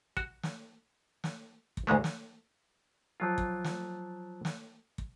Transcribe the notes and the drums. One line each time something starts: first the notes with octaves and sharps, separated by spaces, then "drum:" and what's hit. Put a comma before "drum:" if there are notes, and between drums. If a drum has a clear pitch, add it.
F#4, drum: kick
drum: snare
drum: snare
drum: kick
D2 G#2 G#3 A3
drum: snare
F3 F#3 F4
drum: kick
drum: snare
drum: snare
drum: kick